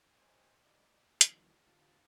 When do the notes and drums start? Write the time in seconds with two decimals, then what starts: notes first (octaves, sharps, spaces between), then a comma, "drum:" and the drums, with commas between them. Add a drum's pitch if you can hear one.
0.19 C5 C#5 D#5 G5 G#5
0.61 D5 D#5
1.21 D3 E3 F#3 A#3 C#4 D#4, drum: hi-hat
1.66 D3 F4 G4 A5